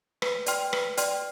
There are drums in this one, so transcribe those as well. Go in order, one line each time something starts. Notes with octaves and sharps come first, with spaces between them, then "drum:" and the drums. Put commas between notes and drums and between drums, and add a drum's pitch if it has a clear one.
B4, drum: rim click
D5 G5 C6 F6, drum: hi-hat
B4, drum: rim click
D5 G5 C6 F6, drum: hi-hat